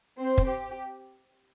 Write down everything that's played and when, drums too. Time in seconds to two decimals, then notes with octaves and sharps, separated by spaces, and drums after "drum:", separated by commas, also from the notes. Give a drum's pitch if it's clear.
0.19 C4 C5
0.38 drum: kick
0.48 G4